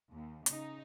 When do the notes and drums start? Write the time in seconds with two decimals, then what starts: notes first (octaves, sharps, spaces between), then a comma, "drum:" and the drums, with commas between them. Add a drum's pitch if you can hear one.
0.11 D#2
0.46 C#3 D#4, drum: hi-hat